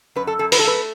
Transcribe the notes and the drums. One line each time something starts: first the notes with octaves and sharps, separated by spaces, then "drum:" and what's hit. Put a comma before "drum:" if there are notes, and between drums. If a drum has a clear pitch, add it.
F#2 B4
A4
F#2 A4
B4, drum: open hi-hat
A4
A3 B4